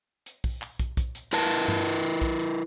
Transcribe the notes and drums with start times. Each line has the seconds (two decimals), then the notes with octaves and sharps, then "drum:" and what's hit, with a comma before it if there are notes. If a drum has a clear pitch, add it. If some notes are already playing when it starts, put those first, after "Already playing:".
0.26 drum: hi-hat
0.44 drum: kick, open hi-hat
0.62 drum: clap
0.80 drum: kick, hi-hat
0.97 drum: kick, hi-hat
1.15 drum: hi-hat
1.33 E4 A#4 B4 A5, drum: hi-hat
1.51 drum: hi-hat
1.68 drum: tom G2
1.86 drum: hi-hat
2.04 drum: clap
2.22 drum: kick, hi-hat
2.39 drum: hi-hat